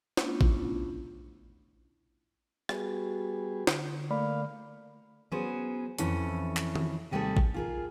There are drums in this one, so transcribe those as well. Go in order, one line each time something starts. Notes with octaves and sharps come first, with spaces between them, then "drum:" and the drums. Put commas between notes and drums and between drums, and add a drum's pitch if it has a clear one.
A3 B3 C#4 D4 E4 F4, drum: snare
drum: kick A1
G3 B3 F#4 G#4, drum: rim click
D3, drum: snare
A3 A#3 D5 F5 B5
F#3 B3 C#4 G#4 C5
F2 E3 C#4 E4 A4 C#5, drum: hi-hat
drum: clap
drum: tom D#3
D#2 C3 G3 A3 G#4 A4
drum: kick A1
F4 G#4 A#4